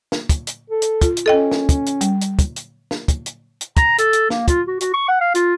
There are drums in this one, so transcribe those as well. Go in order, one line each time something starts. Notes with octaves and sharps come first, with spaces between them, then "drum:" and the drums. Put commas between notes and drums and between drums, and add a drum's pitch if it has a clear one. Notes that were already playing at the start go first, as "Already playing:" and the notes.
drum: snare
drum: kick, hi-hat
drum: hi-hat
A4
drum: hi-hat
F4, drum: kick, hi-hat
drum: hi-hat
C#4 A4 D#5 G5
drum: snare
drum: kick, hi-hat
drum: hi-hat
G3, drum: hi-hat
drum: hi-hat
drum: kick, hi-hat
drum: hi-hat
drum: snare
drum: kick, hi-hat
drum: hi-hat
drum: hi-hat
A#5, drum: kick, hi-hat
A4, drum: hi-hat
drum: hi-hat
A#3, drum: snare
F4, drum: kick, hi-hat
F#4
F#4, drum: hi-hat
C#6
F#5
F5
F4, drum: hi-hat